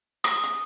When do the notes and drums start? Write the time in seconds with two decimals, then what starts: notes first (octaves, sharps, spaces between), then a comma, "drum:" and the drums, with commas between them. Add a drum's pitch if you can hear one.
0.24 D#6, drum: rim click
0.44 drum: hi-hat